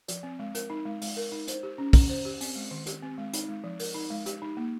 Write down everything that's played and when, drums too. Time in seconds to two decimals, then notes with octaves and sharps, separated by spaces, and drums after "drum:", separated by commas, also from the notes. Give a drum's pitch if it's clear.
0.08 F3, drum: hi-hat
0.23 C4
0.39 G#3
0.55 A#4, drum: hi-hat
0.70 D#4
0.85 G#3
1.01 G#3, drum: open hi-hat
1.17 A#4
1.32 D#4
1.48 C5, drum: hi-hat
1.63 G4
1.78 C#4
1.93 C#4, drum: kick, open hi-hat
2.09 C5
2.25 G4
2.41 C4, drum: open hi-hat
2.56 G#3
2.71 D#3
2.86 G4, drum: hi-hat
3.02 C4
3.18 G#3
3.33 D#4, drum: hi-hat
3.49 G#3
3.64 F3
3.79 A#4, drum: open hi-hat
3.95 D#4
4.11 G#3
4.26 G4, drum: hi-hat
4.42 D#4
4.57 A#3